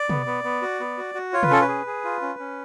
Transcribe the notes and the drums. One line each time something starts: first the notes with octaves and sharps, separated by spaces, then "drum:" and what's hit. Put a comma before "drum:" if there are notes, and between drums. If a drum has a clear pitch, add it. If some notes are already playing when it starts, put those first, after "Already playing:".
Already playing: D5
B3, drum: tom
B3
B3
F#4
B3
F#4
F#4
F4 C#5
B4, drum: tom
C#4 A4
B4
G#4
G#4
F4
C#4
C#4